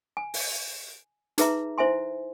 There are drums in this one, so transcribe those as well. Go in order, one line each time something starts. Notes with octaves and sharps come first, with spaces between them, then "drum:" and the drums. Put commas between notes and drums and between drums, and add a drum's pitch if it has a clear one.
G#5
drum: open hi-hat
D#4 G#4 B4 E5 A#5, drum: hi-hat
E4 C5 E5 G#5 C6